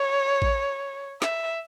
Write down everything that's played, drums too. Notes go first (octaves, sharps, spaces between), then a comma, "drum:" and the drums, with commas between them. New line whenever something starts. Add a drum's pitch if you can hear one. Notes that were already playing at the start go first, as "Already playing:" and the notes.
Already playing: C#5
drum: kick A1
E5, drum: snare